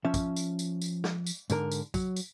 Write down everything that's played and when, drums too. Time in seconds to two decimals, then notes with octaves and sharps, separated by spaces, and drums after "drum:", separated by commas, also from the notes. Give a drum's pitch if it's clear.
0.05 F3 C#4 E5
0.14 drum: kick, tambourine
0.36 drum: tambourine
0.59 drum: tambourine
0.81 drum: tambourine
1.04 drum: snare
1.26 drum: tambourine
1.50 G#2 D3 A#4, drum: tambourine
1.71 drum: tambourine
1.94 F#3, drum: kick, tambourine
2.17 drum: tambourine